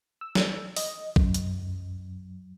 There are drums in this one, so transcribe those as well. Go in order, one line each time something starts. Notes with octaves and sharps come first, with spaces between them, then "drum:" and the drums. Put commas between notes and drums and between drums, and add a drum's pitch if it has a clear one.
E6
drum: snare
D#5, drum: open hi-hat
F#2, drum: kick B1
drum: hi-hat